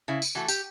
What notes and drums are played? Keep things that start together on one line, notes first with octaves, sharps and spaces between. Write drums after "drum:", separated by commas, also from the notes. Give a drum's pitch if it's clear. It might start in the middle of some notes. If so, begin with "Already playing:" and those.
C#3 E4
drum: tambourine
E3 A3 F#4
G4, drum: tambourine